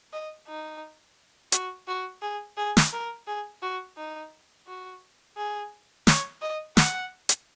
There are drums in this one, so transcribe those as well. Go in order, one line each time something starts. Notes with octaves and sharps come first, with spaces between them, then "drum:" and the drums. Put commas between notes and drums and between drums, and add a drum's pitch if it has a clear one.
D#5
D#4
F#4, drum: hi-hat
F#4
G#4
G#4
drum: snare
A#4
G#4
F#4
D#4
F#4
G#4
C#5, drum: snare
D#5
F#5, drum: snare
drum: hi-hat